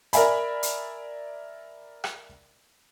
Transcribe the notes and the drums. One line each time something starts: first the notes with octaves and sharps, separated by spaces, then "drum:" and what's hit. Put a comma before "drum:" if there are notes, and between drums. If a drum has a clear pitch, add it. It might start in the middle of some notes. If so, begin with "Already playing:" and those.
A#4 D5 E5 G#5 B5, drum: hi-hat
drum: hi-hat
drum: rim click